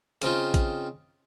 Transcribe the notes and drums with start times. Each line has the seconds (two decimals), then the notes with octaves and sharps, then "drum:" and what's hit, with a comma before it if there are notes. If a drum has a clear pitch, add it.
0.22 C#3 C4 D#4 F4, drum: hi-hat
0.54 drum: kick, hi-hat